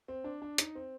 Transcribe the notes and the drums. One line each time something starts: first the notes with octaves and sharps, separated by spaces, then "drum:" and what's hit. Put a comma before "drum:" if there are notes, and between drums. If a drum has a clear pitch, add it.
C4
D4
D4
D#4, drum: hi-hat
C4